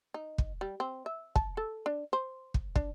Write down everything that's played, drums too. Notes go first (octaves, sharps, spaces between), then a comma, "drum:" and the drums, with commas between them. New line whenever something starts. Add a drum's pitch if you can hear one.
D#4
drum: kick
G3
C4
E5
A5, drum: kick
A4
D4
C5
drum: kick
D4, drum: kick